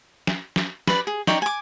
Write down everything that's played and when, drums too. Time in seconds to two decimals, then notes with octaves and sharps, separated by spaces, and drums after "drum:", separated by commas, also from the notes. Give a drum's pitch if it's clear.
0.27 drum: snare
0.56 drum: snare
0.87 B4 D5, drum: snare
1.07 G#4
1.27 D#4 C#5 D5 G5, drum: snare
1.42 G#5 D6